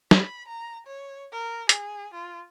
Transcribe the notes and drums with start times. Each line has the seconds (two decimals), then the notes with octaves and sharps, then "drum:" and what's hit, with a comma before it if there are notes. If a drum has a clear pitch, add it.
0.11 B5, drum: snare
0.48 A#5
0.87 C#5
1.32 A#4
1.69 G#4, drum: hi-hat
2.14 F4